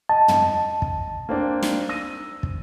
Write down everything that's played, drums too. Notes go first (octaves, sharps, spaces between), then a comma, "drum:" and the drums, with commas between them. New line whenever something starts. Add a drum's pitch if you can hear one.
D#5 A5
drum: tom
drum: kick
A#3 C4 D4
drum: snare
E6 A#6 D#7
drum: kick